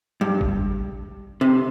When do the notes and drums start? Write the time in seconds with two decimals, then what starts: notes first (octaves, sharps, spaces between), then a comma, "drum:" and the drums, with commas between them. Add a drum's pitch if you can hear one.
0.21 G2
0.41 drum: kick G#1
1.41 C3